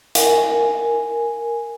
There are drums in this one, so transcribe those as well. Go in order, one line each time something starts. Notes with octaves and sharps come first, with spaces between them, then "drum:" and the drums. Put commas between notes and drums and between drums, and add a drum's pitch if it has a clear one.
A#4 G#5, drum: hi-hat